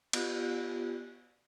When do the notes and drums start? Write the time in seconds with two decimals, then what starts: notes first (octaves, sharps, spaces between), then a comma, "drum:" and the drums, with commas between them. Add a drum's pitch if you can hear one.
0.13 B3 F4 G4, drum: cymbal